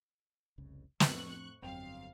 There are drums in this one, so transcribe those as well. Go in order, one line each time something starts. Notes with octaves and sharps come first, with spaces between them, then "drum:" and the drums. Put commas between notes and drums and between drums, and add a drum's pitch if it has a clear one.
F1 C2 C#3
F2 A2 F3 C4 D4 C#6 F#6, drum: snare
G1 F2 F#3 F5 G5 F7